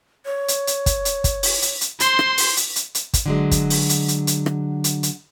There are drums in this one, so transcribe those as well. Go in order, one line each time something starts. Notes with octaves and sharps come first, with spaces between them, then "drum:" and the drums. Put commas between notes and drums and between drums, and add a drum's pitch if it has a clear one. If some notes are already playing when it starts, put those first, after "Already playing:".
C#5
drum: hi-hat
drum: hi-hat
drum: kick, hi-hat
drum: hi-hat
drum: kick, hi-hat
drum: open hi-hat
drum: hi-hat
drum: hi-hat
C5 C6, drum: hi-hat
drum: rim click
drum: open hi-hat
drum: hi-hat
drum: hi-hat
drum: hi-hat
drum: kick, hi-hat
D3 F#3 G#3
drum: kick, hi-hat
drum: open hi-hat
drum: hi-hat
drum: hi-hat
drum: hi-hat
drum: rim click
drum: hi-hat
drum: hi-hat